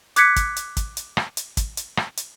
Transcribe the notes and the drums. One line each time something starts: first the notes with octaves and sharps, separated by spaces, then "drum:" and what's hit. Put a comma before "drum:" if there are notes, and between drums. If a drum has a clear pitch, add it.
D6 F#6 G#6 B6 C#7, drum: hi-hat
drum: kick, hi-hat
drum: hi-hat
drum: kick, hi-hat
drum: hi-hat
drum: rim click
drum: hi-hat
drum: kick, hi-hat
drum: hi-hat
drum: rim click
drum: hi-hat